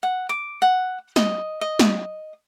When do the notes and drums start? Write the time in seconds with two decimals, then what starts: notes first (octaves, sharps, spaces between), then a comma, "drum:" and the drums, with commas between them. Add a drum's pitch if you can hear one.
0.03 F#5
0.29 D6
0.62 F#5
1.16 D#5, drum: snare
1.61 D#5
1.79 drum: snare